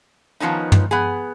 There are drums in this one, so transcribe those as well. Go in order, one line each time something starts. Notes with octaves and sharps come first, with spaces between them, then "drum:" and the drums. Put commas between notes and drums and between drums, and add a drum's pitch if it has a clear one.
D#3 F3 B3 C#4 D#4
drum: tom
B3 G#4